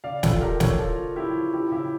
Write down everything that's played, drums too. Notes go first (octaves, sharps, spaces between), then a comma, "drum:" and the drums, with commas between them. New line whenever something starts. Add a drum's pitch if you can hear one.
C#3 D5 F5
F3 F4 A4, drum: snare
C#3 G4 A#4
C#3 A4 C#5, drum: snare
F3 F4 A4
F3
F3 E4 G4
F3
F3 E4 G4
C#3 E4 G4